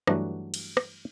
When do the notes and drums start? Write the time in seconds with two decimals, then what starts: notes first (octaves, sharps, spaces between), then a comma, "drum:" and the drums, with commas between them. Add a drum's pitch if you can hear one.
0.07 G2 E3 F#3 A3 D4 F#4, drum: rim click
0.54 drum: cymbal
0.77 drum: rim click